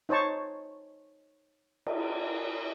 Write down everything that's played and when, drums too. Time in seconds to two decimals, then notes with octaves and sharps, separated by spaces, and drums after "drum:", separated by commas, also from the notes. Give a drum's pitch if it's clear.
0.09 D#4 C5 C#5 A5 C#6
1.86 drum: cymbal